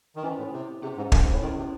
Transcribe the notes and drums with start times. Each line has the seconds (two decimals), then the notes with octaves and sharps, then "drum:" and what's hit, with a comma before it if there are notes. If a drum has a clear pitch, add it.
0.16 D#3
0.23 E3 C#4 E4 C5
0.38 A2
0.52 C3
0.82 C3 C#4 G#4 C5
0.97 G#2
1.12 F#2, drum: kick
1.22 G#2
1.32 A2
1.42 D#3 C#4 E4 A4
1.57 C3